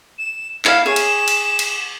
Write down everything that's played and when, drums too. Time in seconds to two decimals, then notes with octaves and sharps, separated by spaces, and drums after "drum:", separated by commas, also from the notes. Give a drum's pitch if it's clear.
0.18 E7
0.65 E4 F5 E7, drum: clap
0.86 G#4 C#5 E7
0.96 drum: cymbal
1.28 drum: cymbal
1.59 drum: cymbal